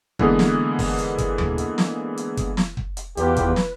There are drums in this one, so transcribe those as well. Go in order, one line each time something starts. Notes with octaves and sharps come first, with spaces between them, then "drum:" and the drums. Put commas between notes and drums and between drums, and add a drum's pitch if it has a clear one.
D3 E3 G#3 A#3 B3 G#4, drum: kick
drum: snare
drum: kick, open hi-hat
drum: hi-hat
drum: kick, hi-hat
drum: tom D#2
drum: hi-hat
drum: snare
drum: hi-hat
drum: kick, hi-hat
drum: snare
drum: kick
drum: hi-hat
E2 B3 F4 G4 B4, drum: hi-hat
drum: kick, hi-hat
drum: snare